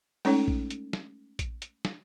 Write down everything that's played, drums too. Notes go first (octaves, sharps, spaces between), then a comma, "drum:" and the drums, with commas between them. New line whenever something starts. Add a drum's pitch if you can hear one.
G#3 A3 C#4 D#4 A4 C#5, drum: open hi-hat
drum: kick A#1
drum: hi-hat
drum: snare
drum: kick A#1, hi-hat
drum: hi-hat
drum: snare